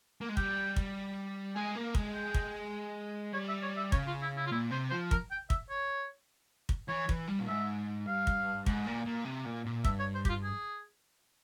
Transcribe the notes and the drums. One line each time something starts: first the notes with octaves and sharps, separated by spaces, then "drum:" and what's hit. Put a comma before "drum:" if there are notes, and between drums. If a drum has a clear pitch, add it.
A#3
G#3
G3 G5, drum: kick
drum: kick
G#3 G#5
A#3
G#3, drum: kick
G5
drum: kick
G3 C#5
E5
C#5
E5
C#3 C#5, drum: kick
F4
E4
E4
F4
A#2 E4
C3 C5
F3 C5
A#4, drum: kick
G5
E5, drum: kick
C#5
drum: kick
E3 C#5
E3, drum: kick
G3
A#2
G#2 E5
G2 F5
drum: kick
G#2, drum: kick
A#2
A#2
C3
A#2
A#2
G2 E5, drum: kick
C#5
C5
G4, drum: kick
F4
G#4